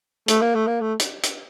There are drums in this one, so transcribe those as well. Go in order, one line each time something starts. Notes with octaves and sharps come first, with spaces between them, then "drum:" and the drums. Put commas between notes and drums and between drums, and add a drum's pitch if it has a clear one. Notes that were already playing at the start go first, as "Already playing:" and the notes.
A3, drum: hi-hat
A#3
A3
A#3
A3
drum: hi-hat
drum: hi-hat